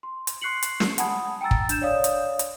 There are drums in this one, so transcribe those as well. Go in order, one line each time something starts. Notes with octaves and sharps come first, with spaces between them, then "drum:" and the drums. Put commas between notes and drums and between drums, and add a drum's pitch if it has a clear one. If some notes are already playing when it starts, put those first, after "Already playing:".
C6
drum: hi-hat
C6 C#6 F#6 C7 C#7 F#7
drum: hi-hat
drum: snare
F#5 G#5 A5 B5 D#6 G#6, drum: hi-hat
G5 G#5 A#5 E6 A6
drum: kick
D4 G6 E7, drum: hi-hat
C#5 D5 F5 D#6
drum: hi-hat
drum: hi-hat